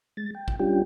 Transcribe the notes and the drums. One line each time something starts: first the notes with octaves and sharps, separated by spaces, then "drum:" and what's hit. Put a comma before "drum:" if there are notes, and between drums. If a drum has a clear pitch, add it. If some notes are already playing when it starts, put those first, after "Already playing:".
G#3 A6
G5
drum: kick
G3 C#4 D4 F4 G4 G5